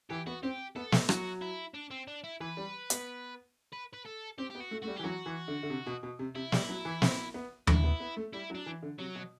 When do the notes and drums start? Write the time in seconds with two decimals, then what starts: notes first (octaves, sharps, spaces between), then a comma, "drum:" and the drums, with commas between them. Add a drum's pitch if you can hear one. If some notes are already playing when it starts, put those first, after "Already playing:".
0.10 E3 G4
0.27 B3 F#4
0.43 C4 G4
0.76 B3 A4
0.92 A3, drum: snare
1.09 F#3 F#4, drum: rim click
1.42 E4
1.74 D4
1.91 C4
2.08 D4
2.24 E4
2.40 E3 B4
2.57 G3
2.90 B3, drum: hi-hat
3.73 B4
3.93 B4
4.05 A4
4.38 C4 G4
4.50 B3 G4
4.60 F#4
4.71 A3
4.82 A3 F#4
4.88 G3
4.96 G4
4.99 E3
5.04 F#3 F#4
5.26 E3
5.48 D3
5.63 D3
5.70 C3
5.86 B2
6.03 B2
6.19 C3
6.35 C3 E4
6.52 G3, drum: snare
6.68 F#3
6.85 E3
7.02 C4, drum: snare
7.34 B3
7.67 D3 E4, drum: tom D#2
7.84 B3
8.00 B3
8.17 A3
8.33 G3 E4
8.50 F#3
8.55 D4
8.66 E3
8.83 D3
8.99 C3 F#3
9.15 B2